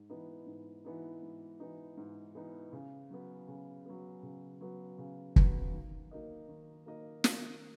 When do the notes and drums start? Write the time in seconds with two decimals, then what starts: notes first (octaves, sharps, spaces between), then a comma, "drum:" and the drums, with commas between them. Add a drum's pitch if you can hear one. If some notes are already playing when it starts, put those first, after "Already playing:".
Already playing: G#2
0.10 E3 B3 D#4
0.47 G#2
0.84 E3 B3 D#4
1.22 G#2
1.60 E3 B3 D#4
1.97 G#2
2.35 E3 B3 D#4
2.73 C#3
3.11 F#3 B3
3.48 C#3
3.86 F#3 B3
4.23 C#3
4.61 F#3 B3
4.98 C#3
5.36 F#3 B3, drum: kick
5.73 D#3
6.11 A#3 D#4 A#4 D#5
6.48 D#3
6.86 A#3 D#4 A#4 D#5
7.24 D#3, drum: snare